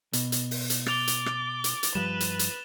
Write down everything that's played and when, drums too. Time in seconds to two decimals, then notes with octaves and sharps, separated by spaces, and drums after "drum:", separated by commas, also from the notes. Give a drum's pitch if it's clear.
0.13 B2, drum: hi-hat
0.32 drum: hi-hat
0.51 drum: open hi-hat
0.70 drum: hi-hat
0.86 D6 A6 F7 G7, drum: rim click
1.07 drum: hi-hat
1.26 drum: rim click
1.64 drum: hi-hat
1.83 drum: hi-hat
1.95 G2 F3 G3 B4 E7
2.20 drum: hi-hat
2.39 drum: hi-hat